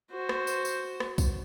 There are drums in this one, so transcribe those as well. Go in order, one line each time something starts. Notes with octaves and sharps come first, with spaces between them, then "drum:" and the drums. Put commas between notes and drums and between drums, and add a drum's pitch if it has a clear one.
F#4 C5
drum: rim click
drum: tambourine
drum: tambourine
drum: rim click
drum: kick B1, tambourine